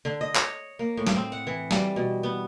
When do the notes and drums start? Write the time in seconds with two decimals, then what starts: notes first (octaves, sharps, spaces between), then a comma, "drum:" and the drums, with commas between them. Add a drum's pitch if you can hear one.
0.05 D3
0.21 D#5
0.35 C#5, drum: clap
0.79 A#3
0.97 A2
1.07 drum: snare
1.16 C4
1.32 F#5
1.47 E3
1.71 G3, drum: snare
1.96 B2
2.23 B3